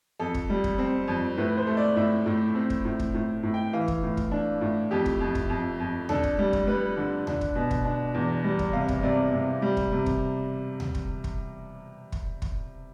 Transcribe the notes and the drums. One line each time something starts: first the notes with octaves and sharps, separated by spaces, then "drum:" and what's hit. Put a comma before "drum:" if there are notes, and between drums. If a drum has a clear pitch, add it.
F2 A4
drum: kick
G3
drum: kick
C4
F2
A2 B4
C5
A3
D5
A2 E5
A2
C4
drum: kick
A2
drum: kick
A2
A2
G5
E3 F5
drum: kick
A2
drum: kick
D4
A2
F2 G4
drum: kick
F2
drum: kick
F2
F2
D4 A4, drum: tom D2
drum: kick
G3
drum: kick
G3 B4
D3
D4, drum: tom D2
drum: kick
B2
drum: kick
D4
E2
G3
drum: kick
C3 F5
drum: kick
C3 D5
C3
G3
drum: kick
C3
drum: kick
drum: tom D2
drum: kick
drum: kick
drum: kick
drum: kick